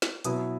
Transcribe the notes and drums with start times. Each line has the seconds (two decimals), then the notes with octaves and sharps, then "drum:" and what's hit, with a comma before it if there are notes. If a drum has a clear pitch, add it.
0.02 drum: snare
0.24 B2 F#3 B3 E4 D#6, drum: hi-hat